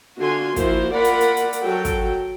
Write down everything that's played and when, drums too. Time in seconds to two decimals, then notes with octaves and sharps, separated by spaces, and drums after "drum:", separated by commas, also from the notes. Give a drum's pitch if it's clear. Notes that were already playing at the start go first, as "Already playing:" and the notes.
0.20 D3 F4 F#4 G#5 C6
0.56 F3 A#3 E4 F#4 C5, drum: kick, hi-hat
0.95 A#3 F4 A#4 D5 F#5 B5
1.04 drum: hi-hat
1.21 drum: hi-hat
1.37 drum: hi-hat
1.53 drum: hi-hat
1.62 F#3 F#4 A4 G5
1.85 drum: kick, hi-hat